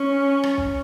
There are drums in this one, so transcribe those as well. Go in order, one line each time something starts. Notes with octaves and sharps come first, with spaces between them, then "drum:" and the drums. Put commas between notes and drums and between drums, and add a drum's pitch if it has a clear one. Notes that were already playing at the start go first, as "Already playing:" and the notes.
Already playing: C#4
drum: rim click
drum: kick